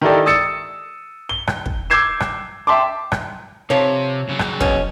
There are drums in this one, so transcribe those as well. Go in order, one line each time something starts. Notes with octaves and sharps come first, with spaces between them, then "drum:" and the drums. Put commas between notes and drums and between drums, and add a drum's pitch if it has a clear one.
D#3 D#4 E4 G4 A4 D5
D#6 E6 A6 C#7
G7
drum: rim click
drum: kick
D6 E6 G6 G#6 C7 E7
drum: rim click
E5 G5 A5 C6 D6
drum: rim click
C3 F3 C#5
C#3 F#3
drum: rim click
B2 C#4, drum: kick